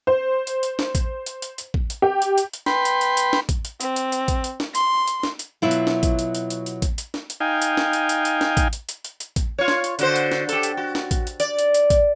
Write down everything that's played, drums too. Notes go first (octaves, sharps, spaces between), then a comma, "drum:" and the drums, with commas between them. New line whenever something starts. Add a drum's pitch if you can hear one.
C5
drum: hi-hat
drum: hi-hat
drum: snare
drum: kick A1, hi-hat
drum: hi-hat
drum: hi-hat
drum: hi-hat
drum: kick A1
drum: hi-hat
G4
drum: hi-hat
drum: hi-hat
drum: hi-hat
B4 G5 C6, drum: snare
drum: hi-hat
drum: hi-hat
drum: hi-hat
drum: snare
drum: kick A1, hi-hat
drum: hi-hat
C4, drum: hi-hat
drum: hi-hat
drum: hi-hat
drum: kick A1, hi-hat
drum: hi-hat
drum: snare
C6, drum: hi-hat
drum: hi-hat
drum: snare
drum: hi-hat
B2 F#3 E4 F4
drum: hi-hat
drum: snare
drum: kick A1, hi-hat
drum: hi-hat
drum: hi-hat
drum: hi-hat
drum: hi-hat
drum: kick A1, hi-hat
drum: hi-hat
drum: snare
drum: hi-hat
D#4 F5 G5 G#5
drum: hi-hat
drum: snare
drum: hi-hat
drum: hi-hat
drum: hi-hat
drum: snare
drum: kick A1, hi-hat
drum: hi-hat
drum: hi-hat
drum: hi-hat
drum: hi-hat
drum: kick A1, hi-hat
F4 C#5
drum: snare
drum: hi-hat
D3 F#4 C5, drum: hi-hat
drum: hi-hat
drum: snare
G4 A4, drum: hi-hat
drum: hi-hat
F#4
drum: snare
drum: kick A1, hi-hat
drum: hi-hat
D5, drum: hi-hat
drum: hi-hat
drum: hi-hat
drum: kick A1, hi-hat